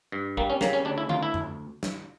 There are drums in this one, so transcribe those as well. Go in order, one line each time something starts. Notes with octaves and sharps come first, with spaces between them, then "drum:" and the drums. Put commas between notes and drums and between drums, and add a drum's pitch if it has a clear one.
G2
G3 A#3, drum: kick
C#4
C#3 A#3, drum: snare
C#4
D2 D4
E4
D2 F4, drum: tom D#3
E4
drum: tom F2
drum: snare